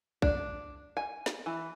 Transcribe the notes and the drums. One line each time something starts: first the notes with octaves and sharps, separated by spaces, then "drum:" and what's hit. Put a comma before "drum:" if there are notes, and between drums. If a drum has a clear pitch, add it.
D4, drum: kick A#1
G#5
drum: snare
E3